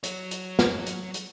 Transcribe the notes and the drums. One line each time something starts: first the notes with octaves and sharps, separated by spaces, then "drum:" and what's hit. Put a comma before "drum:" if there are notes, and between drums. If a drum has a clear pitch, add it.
F#3 C#5, drum: hi-hat
drum: hi-hat
drum: snare
drum: hi-hat
drum: hi-hat